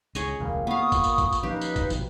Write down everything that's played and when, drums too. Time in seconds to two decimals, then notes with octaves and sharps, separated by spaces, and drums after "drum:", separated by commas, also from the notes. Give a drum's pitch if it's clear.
0.15 C#2 G#4 C#5 D#5, drum: tambourine
0.40 E1 C#2 A#2 G3
0.67 A#3 B3 F5 C#6 D#6
0.92 A#2 B5, drum: kick A1, tambourine
1.04 drum: tambourine
1.18 drum: kick A1, tambourine
1.33 drum: tambourine
1.43 F3 C#4 D#4 G4 B4 F5
1.61 drum: tambourine
1.76 drum: kick A1, tambourine
1.90 B2 F3, drum: tambourine